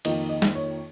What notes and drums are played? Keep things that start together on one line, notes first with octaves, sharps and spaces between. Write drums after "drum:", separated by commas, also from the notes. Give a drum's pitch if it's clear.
F2 D#3 A#3 D#5, drum: cymbal
D#5
drum: snare
C#5